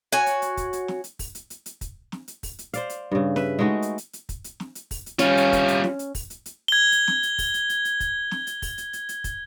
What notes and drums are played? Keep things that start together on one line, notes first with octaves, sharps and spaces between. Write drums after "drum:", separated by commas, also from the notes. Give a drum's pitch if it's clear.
F#4 C#5 G#5
drum: hi-hat
drum: hi-hat
drum: kick, hi-hat
drum: hi-hat
drum: snare
drum: hi-hat
drum: kick, open hi-hat
drum: hi-hat
drum: hi-hat
drum: hi-hat
drum: kick, hi-hat
drum: snare
drum: hi-hat
drum: kick, open hi-hat
drum: hi-hat
C5 D5 F5, drum: hi-hat
drum: hi-hat
G2 C#3
B4 E5, drum: snare
G#3 A3 D#4 F#4
drum: hi-hat
drum: hi-hat
drum: hi-hat
drum: kick, hi-hat
drum: hi-hat
drum: snare
drum: hi-hat
drum: kick, open hi-hat
drum: hi-hat
G3 C#4 F4, drum: hi-hat
drum: hi-hat
drum: kick, hi-hat
drum: hi-hat
drum: snare
drum: hi-hat
drum: kick, open hi-hat
drum: hi-hat
drum: hi-hat
G#6 G7
drum: hi-hat
drum: snare
drum: hi-hat
drum: kick, open hi-hat
drum: hi-hat
drum: hi-hat
drum: hi-hat
drum: kick, hi-hat
drum: snare
drum: hi-hat
drum: kick, open hi-hat
drum: hi-hat
drum: hi-hat
drum: hi-hat
drum: kick, hi-hat